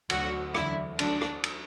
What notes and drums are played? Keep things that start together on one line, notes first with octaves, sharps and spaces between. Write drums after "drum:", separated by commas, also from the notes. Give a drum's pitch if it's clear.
D2 D3 F#3 F#4, drum: cymbal
E2 D3 F#3 E4, drum: rim click
D2 D3 F#3 D4, drum: cymbal
drum: rim click
drum: cymbal